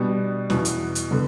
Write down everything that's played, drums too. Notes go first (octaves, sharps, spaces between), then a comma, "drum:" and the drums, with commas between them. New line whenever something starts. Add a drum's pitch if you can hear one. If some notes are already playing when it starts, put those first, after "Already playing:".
Already playing: B2 G3 B3 D4
E2 B2 B3, drum: snare C#4
drum: hi-hat
drum: hi-hat
D3 B3